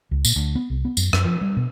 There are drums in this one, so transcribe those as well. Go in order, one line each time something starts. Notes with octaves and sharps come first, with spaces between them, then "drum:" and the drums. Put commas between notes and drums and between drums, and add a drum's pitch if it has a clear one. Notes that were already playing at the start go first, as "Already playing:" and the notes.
C#2
A#2, drum: tambourine
D2
B3
C2
B3
F#2, drum: tambourine
F#2, drum: rim click
F3
G3
B2